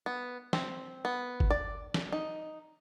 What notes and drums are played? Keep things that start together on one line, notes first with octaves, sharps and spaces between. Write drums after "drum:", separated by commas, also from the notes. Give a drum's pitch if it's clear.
B3
C4, drum: snare
B3
drum: kick G1
D5
drum: snare
D#4